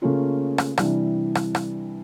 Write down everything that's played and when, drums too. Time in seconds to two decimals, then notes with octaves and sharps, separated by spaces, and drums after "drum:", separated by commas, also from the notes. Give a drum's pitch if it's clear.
0.02 C#3 A3 A#3 C#4 F4
0.58 drum: rim click
0.78 C3 E3 G3 D4, drum: rim click
1.35 drum: rim click
1.55 drum: rim click